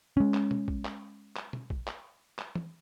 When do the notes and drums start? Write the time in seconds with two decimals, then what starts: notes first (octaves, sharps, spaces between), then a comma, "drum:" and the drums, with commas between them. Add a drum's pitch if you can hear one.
0.17 G#3 C#4
0.34 drum: clap
0.51 drum: tom
0.68 drum: kick
0.85 drum: clap
1.36 drum: clap
1.53 drum: tom
1.70 drum: kick
1.87 drum: clap
2.38 drum: clap
2.55 drum: tom